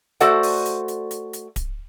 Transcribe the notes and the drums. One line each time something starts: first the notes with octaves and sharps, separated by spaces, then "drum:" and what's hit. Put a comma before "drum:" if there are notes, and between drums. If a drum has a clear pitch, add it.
A3 F#4 A4 C5 D5 F#5, drum: hi-hat
drum: open hi-hat
drum: hi-hat
drum: hi-hat
drum: hi-hat
drum: hi-hat
drum: kick D1, hi-hat